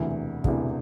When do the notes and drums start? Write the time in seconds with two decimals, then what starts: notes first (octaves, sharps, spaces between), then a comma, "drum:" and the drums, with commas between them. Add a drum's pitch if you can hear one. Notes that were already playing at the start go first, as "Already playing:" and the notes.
Already playing: E1 D2 C3 E3
0.44 E1 D2 C3 E3, drum: kick